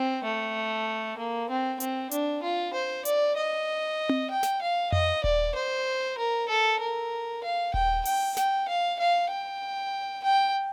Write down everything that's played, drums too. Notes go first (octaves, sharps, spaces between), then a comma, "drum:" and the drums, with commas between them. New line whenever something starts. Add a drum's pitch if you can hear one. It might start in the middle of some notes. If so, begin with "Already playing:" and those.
Already playing: C4
A3
A#3
C4
C4, drum: hi-hat
D4, drum: hi-hat
F4
C5
D5, drum: hi-hat
D#5
drum: tom C4
G5
drum: snare
F5
D#5, drum: tom F2
D5, drum: kick D#1
C5
A#4
A4
A#4
F5
G5, drum: kick D#1
G5, drum: open hi-hat
G5, drum: snare
F5
F5
G5
G5